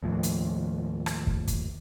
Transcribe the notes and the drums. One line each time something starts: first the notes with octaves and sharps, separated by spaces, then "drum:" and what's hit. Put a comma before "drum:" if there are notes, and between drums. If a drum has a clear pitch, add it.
D#2 A2 F3
drum: hi-hat
drum: rim click
drum: kick
drum: kick, hi-hat